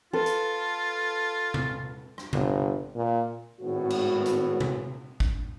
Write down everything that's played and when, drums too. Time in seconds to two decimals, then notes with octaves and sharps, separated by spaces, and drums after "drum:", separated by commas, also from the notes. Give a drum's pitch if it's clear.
0.13 F4 A4 B4 C6
0.26 drum: hi-hat
1.54 drum: tom C3
2.18 drum: rim click
2.33 G1, drum: tom C3
2.95 A#2
3.60 G#1 A2 B3 F#4
3.90 drum: cymbal
4.26 drum: hi-hat
4.61 drum: tom C3
5.20 drum: kick